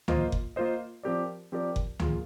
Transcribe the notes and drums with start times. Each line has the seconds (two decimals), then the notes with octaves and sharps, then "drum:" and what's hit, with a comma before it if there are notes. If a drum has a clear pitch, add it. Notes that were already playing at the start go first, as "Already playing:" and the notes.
0.08 A#3 F4 C5 D#5, drum: tom C#2
0.32 drum: kick F#1
0.56 A#3 F4 C5 D#5
1.03 F3 C4 G4 A#4 D5
1.52 F3 C4 G4 A#4 D5
1.76 drum: kick F#1
2.00 A#3 F4 G#4, drum: tom C#2